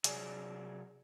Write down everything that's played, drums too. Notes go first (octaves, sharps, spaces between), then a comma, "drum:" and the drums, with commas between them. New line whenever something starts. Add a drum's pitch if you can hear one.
C3 F#3 G#4 D5 G#5, drum: hi-hat